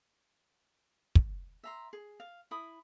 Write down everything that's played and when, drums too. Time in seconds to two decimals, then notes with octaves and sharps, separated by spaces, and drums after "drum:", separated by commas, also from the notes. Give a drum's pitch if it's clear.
1.15 drum: kick
1.64 E5 A#5 C6
1.93 G#4
2.20 F5
2.51 E4 B5 D#6